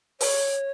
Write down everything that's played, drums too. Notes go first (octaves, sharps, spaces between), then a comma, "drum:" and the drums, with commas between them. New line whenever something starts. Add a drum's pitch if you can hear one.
C#5, drum: open hi-hat